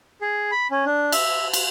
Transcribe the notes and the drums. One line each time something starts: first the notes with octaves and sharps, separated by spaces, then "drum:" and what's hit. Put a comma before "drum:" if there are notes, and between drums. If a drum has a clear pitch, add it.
G#4
B5
C#4
D4
E5, drum: cymbal
drum: cymbal